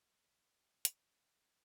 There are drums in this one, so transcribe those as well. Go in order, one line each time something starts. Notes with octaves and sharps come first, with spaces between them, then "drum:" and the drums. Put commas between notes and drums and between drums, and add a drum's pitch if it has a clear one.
B2 G3 B3 D4
B2 G3 B3 D4
drum: hi-hat
B2 G3 B3 D4